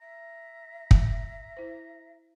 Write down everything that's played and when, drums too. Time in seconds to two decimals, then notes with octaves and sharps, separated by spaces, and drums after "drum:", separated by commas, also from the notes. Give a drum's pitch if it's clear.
0.01 E5 A#5
0.91 drum: kick
1.57 E4 C5